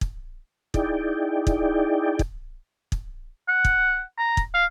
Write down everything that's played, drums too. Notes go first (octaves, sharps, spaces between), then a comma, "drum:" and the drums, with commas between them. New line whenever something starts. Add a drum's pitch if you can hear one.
drum: kick
D#4 E4 G#4 D5 G5, drum: kick
drum: kick
drum: kick
drum: kick
F#5
drum: kick
A#5
drum: kick
F5